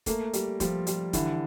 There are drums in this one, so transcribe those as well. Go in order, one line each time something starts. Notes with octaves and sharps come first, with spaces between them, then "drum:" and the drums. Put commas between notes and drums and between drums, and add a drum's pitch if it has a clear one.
A3 A#3 A4, drum: kick, hi-hat
G3, drum: hi-hat
F3 G3 F4, drum: kick, hi-hat
G3, drum: hi-hat
D3 E3 E4, drum: kick, hi-hat